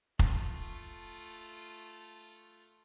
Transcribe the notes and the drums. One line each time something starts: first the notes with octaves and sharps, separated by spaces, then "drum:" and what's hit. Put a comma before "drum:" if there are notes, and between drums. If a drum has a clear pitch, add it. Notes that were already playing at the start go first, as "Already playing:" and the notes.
A3 F4, drum: kick